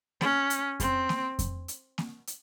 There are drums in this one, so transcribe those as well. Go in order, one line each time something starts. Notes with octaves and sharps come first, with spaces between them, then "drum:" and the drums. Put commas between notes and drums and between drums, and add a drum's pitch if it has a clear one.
C#4, drum: snare A#3
drum: hi-hat
C4, drum: kick F2, hi-hat
drum: snare A#3
drum: kick F2, hi-hat
drum: hi-hat
drum: snare A#3
drum: hi-hat